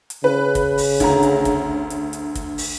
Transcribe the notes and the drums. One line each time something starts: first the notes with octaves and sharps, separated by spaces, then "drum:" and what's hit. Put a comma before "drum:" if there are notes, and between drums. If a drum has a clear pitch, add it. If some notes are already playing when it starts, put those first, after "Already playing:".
drum: hi-hat
C#3 B4
drum: kick, hi-hat
drum: open hi-hat
D2 A#5, drum: kick, hi-hat
drum: hi-hat
drum: kick, hi-hat
drum: hi-hat
drum: hi-hat
drum: kick, hi-hat
drum: open hi-hat